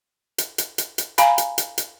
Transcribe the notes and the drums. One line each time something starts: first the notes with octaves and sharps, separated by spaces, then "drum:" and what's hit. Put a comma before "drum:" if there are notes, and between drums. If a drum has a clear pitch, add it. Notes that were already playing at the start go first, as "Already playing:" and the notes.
drum: hi-hat
drum: hi-hat
drum: hi-hat
drum: hi-hat
F5 G#5 A#5 B5, drum: hi-hat
drum: hi-hat
drum: hi-hat
drum: hi-hat